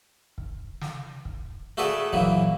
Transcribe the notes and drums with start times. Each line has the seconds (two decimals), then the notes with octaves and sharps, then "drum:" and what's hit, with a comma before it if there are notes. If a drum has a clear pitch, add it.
0.38 drum: kick
0.81 drum: snare
1.25 drum: kick
1.77 A3 F#4 G#4 A4 B4 D5
2.13 A#2 E3 F#3, drum: kick